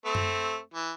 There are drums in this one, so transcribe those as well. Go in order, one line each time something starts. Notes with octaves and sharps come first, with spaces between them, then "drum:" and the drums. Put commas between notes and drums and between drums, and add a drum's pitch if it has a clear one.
A3 C4
drum: tom F#2
E3